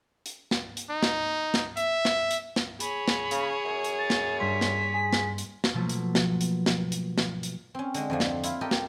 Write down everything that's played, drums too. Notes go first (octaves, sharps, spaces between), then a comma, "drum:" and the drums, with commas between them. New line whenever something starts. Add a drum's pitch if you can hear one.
drum: hi-hat
drum: snare
drum: hi-hat
D#4
drum: snare
drum: snare
E5, drum: hi-hat
drum: snare
drum: hi-hat
drum: snare
G#4 C#5 B5, drum: hi-hat
drum: snare
C#3, drum: hi-hat
F#2
drum: hi-hat
A6
drum: snare
G2 G3 C6 B6
drum: snare
G#4
drum: snare
drum: hi-hat
drum: snare
B2 F3 F#3 A3 A#3
drum: hi-hat
drum: snare
drum: hi-hat
drum: snare
drum: hi-hat
drum: snare
drum: hi-hat
C4 C#4
D3 G#3, drum: hi-hat
F2 D3 F3
drum: snare
E4 F4, drum: hi-hat
G4 A4 A#4 D#5
drum: snare